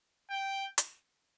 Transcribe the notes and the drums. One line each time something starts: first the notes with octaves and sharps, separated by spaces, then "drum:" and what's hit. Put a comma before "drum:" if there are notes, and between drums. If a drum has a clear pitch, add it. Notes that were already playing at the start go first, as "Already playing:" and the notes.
G5
drum: hi-hat